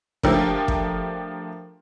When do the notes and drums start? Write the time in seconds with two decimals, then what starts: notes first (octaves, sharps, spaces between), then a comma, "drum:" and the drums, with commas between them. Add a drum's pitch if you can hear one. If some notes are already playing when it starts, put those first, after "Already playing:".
0.23 F3 A3 D4 G4 A#4, drum: kick
0.68 drum: kick